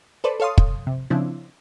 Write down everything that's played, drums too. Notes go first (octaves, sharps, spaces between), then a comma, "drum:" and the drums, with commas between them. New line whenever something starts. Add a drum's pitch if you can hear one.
A4 B4 C5 D5
A4 C#5 F5 C6 D#6
drum: kick
C3
C#3 F3 C4 D4 E4